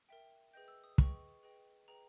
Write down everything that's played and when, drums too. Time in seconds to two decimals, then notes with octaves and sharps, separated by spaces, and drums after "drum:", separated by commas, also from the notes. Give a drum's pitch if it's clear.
0.09 A#4 E5 G5
0.53 G#4 B4 D#5 G5 G6
0.68 E6
0.84 D#6
0.98 G#4 B4 D#5 G5 C#6, drum: kick
1.43 G#4 B4 D#5 G5
1.88 G#4 B4 D#5 G5 A#5